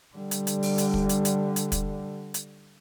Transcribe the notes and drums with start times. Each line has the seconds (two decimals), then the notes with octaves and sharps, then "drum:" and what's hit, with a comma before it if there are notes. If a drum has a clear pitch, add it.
0.16 D3 G3
0.31 drum: hi-hat
0.47 drum: hi-hat
0.63 drum: open hi-hat
0.78 drum: hi-hat
0.94 drum: kick
1.09 drum: hi-hat
1.25 drum: hi-hat
1.56 drum: hi-hat
1.72 drum: kick, hi-hat
2.34 drum: hi-hat